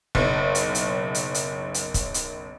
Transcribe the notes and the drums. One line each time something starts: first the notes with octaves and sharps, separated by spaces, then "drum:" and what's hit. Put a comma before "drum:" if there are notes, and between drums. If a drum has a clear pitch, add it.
F#1 B1, drum: kick
drum: hi-hat
drum: hi-hat
drum: hi-hat
drum: hi-hat
drum: hi-hat
drum: kick, hi-hat
drum: hi-hat